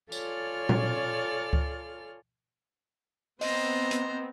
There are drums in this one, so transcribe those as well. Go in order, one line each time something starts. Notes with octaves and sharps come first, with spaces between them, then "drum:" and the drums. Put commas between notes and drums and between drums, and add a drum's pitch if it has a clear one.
F4 A4 C#5 D5 G#5 F6, drum: tambourine
drum: tom A#2
drum: kick C#2
B3 C4 C5 D#5 A#5, drum: open hi-hat
drum: hi-hat